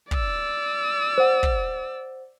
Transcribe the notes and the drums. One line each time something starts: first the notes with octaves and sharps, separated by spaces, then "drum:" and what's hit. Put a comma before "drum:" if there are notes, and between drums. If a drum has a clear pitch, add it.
D5 E6, drum: kick
C5 F#5
drum: kick